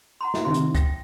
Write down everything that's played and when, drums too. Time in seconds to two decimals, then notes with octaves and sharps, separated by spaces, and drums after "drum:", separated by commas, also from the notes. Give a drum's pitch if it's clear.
0.21 F#5 A#5 C6
0.34 drum: snare
0.45 C3 D#3 E4 E5 C6
0.54 drum: hi-hat
0.75 G5 A#6, drum: kick C#2, hi-hat